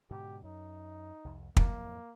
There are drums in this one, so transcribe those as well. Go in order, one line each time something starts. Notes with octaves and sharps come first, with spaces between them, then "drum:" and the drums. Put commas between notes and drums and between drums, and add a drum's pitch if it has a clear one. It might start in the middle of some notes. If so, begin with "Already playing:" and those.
G#2 B2 D3 G4
F#2 D#4
C2 F2
F2 A2 F#3 A#3, drum: kick